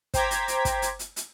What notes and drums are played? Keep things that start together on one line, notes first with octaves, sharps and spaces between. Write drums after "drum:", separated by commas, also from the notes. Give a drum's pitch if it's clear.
C5 G5 A#5 D6 G#6 B6, drum: kick, hi-hat
drum: hi-hat
drum: hi-hat
drum: kick, hi-hat
drum: hi-hat
drum: hi-hat
drum: hi-hat